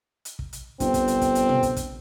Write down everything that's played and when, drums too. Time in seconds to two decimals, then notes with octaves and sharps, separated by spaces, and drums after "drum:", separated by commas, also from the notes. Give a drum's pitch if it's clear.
0.25 drum: hi-hat
0.39 drum: kick
0.53 drum: hi-hat
0.80 G1 C4, drum: kick, hi-hat
0.94 drum: kick, hi-hat
1.08 drum: hi-hat
1.21 drum: kick, hi-hat
1.35 drum: hi-hat
1.49 drum: tom
1.63 drum: kick, hi-hat
1.76 drum: kick, hi-hat